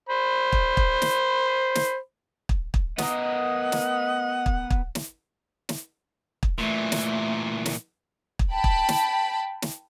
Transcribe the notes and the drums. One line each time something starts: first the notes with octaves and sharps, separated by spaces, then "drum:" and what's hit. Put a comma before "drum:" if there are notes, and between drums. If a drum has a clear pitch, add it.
C5 B5
drum: kick
drum: kick
drum: snare
drum: snare
drum: kick
drum: kick
B3 A#4 D#5 F#5, drum: snare
drum: snare
drum: kick
drum: kick
drum: snare
drum: snare
drum: kick
A#2 E3 A3
drum: snare
drum: snare
drum: kick
G5 A5 B5
drum: kick
drum: snare
drum: snare